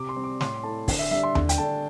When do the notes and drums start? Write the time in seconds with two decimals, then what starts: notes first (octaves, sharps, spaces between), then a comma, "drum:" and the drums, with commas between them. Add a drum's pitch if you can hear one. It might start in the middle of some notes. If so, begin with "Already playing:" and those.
Already playing: C3 D6
0.09 C6
0.16 G3 C4
0.24 D6
0.41 A2 C6, drum: snare
0.63 A3 E4 A5
0.88 D3, drum: kick, open hi-hat
0.99 E5
1.11 G3 D4 E5
1.23 C6
1.35 D3, drum: tom D#2
1.49 G5, drum: hi-hat
1.58 A3 D4 A5